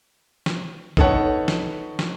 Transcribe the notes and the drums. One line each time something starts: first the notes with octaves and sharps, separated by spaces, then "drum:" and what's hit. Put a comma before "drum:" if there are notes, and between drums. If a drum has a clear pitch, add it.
drum: snare
B3 D#4 A4 B4 C#5 F#5, drum: kick
drum: snare
drum: snare